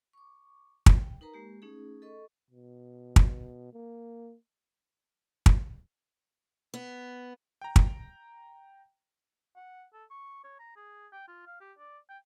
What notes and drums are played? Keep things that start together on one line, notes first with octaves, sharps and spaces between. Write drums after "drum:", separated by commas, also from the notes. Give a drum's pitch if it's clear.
C#6 D6
drum: kick
G5
D#4 A#4 B4 A#5
G#3 A#3 G4
A3 C#4 D#4 G#4
A4 D#5 C#6
B2
drum: kick
A#3
drum: kick
B3
G5 A#5
drum: kick
F#5
A4
C#6
C#5
A#5
G#4
G5
F4
F5
G4
D5
G5